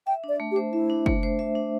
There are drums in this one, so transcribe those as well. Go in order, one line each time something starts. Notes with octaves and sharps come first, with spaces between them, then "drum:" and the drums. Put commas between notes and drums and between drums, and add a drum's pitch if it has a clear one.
E5 G5
D4 D5
A3
G4
C5
E4 E5
D4
A3, drum: kick F#1
C5
E5
D4